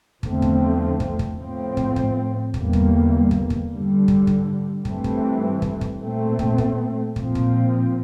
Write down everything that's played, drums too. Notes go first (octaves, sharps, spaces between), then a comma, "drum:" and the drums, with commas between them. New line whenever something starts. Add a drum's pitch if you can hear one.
E2 D3 F3 A3 C4, drum: kick
drum: kick
drum: kick
drum: kick
A2 F3 C4
drum: kick
drum: kick
E2 D3 G3 A#3, drum: kick
drum: kick
drum: kick
drum: kick
G2 D3 G3
drum: kick
drum: kick
G2 E3 A3 C4, drum: kick
drum: kick
drum: kick
drum: kick
A#2 A3 C4
drum: kick
drum: kick
A#2 F3 C4, drum: kick
drum: kick